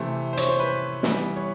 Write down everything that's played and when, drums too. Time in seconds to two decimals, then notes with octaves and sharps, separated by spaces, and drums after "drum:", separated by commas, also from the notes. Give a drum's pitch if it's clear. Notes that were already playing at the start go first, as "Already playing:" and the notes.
Already playing: C3 E3 A3 C5
0.33 C5
0.37 C#5, drum: hi-hat
0.49 C5
0.59 B4
1.03 E3 G3 B3, drum: snare
1.36 C#5